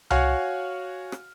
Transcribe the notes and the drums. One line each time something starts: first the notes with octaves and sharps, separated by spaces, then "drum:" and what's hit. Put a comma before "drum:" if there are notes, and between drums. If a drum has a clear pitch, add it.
F#4 C#5 F5 F#5 G#5 F6, drum: tom C2
drum: rim click